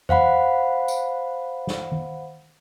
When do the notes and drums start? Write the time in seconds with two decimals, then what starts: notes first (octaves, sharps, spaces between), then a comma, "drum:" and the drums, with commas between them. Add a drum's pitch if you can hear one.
0.09 C5 F5 F#5 B5, drum: tom E2
0.88 drum: tambourine
1.67 drum: snare
1.92 drum: tom D#3